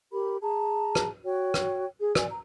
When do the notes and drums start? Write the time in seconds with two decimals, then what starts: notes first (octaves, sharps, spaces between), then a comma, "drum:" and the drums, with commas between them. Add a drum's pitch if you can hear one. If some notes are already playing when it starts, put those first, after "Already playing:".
0.12 G4 A#4 B5
0.42 G#4 A5 A#5
0.95 drum: rim click
1.25 F#4 C#5 G5
1.54 drum: rim click
2.00 G#4
2.15 D5 G#5, drum: rim click
2.30 A#5